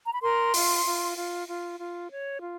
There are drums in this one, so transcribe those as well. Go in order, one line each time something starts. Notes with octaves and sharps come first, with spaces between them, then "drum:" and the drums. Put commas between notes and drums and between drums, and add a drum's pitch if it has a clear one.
A#5
B5
A#4 C6
F4, drum: open hi-hat
F4
F4
F4
F4
C#5
F4